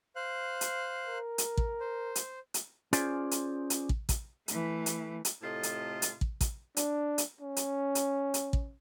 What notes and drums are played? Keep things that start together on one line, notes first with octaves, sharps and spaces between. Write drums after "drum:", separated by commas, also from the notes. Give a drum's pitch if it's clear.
C5 F5 F#6
drum: hi-hat
A#4
drum: hi-hat
drum: kick
C5
drum: hi-hat
drum: hi-hat
C#4 F4 G#4 C5 D5, drum: hi-hat
drum: hi-hat
drum: hi-hat
drum: kick
drum: kick, hi-hat
E3 A3, drum: hi-hat
drum: hi-hat
drum: hi-hat
A2 C3 F4 A4 D#5
drum: hi-hat
drum: hi-hat
drum: kick
drum: kick, hi-hat
D4, drum: hi-hat
drum: hi-hat
C#4
drum: hi-hat
drum: hi-hat
drum: hi-hat
drum: kick